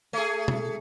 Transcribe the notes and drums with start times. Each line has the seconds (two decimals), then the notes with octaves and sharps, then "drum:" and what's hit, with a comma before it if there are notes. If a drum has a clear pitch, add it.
0.13 A3 G#4
0.48 drum: tom B2